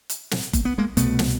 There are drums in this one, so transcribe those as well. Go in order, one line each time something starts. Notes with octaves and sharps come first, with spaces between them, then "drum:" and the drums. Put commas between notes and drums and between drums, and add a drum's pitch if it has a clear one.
drum: hi-hat
drum: snare
A#3, drum: kick F#1, hi-hat
B3
G#3 A#3
C2 B2 A3 B3, drum: hi-hat
drum: snare